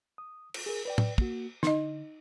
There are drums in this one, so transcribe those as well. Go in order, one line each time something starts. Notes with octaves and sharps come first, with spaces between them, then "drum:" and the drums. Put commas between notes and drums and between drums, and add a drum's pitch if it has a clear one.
D#6
drum: cymbal
G#4 A#4
B4 D5 G5
drum: tom
A#3 F#4, drum: kick
D3 D#4 D#5, drum: snare